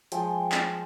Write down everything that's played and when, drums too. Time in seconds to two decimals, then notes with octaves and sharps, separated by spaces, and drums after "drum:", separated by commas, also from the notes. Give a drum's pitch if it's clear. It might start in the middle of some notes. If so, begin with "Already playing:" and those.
0.12 F3 G#3 G5, drum: hi-hat
0.52 drum: clap